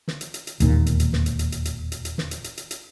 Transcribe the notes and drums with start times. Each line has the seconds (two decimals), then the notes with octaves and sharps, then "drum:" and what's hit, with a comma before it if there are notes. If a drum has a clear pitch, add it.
0.08 drum: snare
0.21 drum: hi-hat
0.34 drum: hi-hat
0.47 drum: hi-hat
0.60 E1 D#2 A#2, drum: hi-hat
0.86 drum: hi-hat
1.00 drum: hi-hat
1.13 drum: snare
1.26 drum: hi-hat
1.39 drum: hi-hat
1.52 drum: hi-hat
1.65 drum: hi-hat
1.92 drum: hi-hat
2.05 drum: hi-hat
2.18 drum: snare
2.31 drum: hi-hat
2.44 drum: hi-hat
2.57 drum: hi-hat
2.71 drum: hi-hat